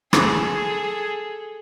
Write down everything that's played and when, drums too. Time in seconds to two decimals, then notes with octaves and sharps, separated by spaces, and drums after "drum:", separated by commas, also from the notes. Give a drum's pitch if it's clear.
0.13 G#4 A4, drum: rim click